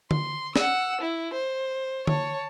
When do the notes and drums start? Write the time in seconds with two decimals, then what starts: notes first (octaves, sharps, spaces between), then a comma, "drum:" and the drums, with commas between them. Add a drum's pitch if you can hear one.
0.11 C6, drum: tom D3
0.56 F#5 E6, drum: snare
1.01 E4
1.33 C5
2.07 C#5 A5, drum: tom D3